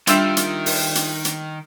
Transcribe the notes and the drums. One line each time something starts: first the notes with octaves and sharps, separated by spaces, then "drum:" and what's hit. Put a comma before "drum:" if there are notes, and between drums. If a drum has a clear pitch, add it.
D#3 G3 D4 F4 G4 E5, drum: hi-hat
drum: hi-hat
drum: open hi-hat
drum: hi-hat
drum: hi-hat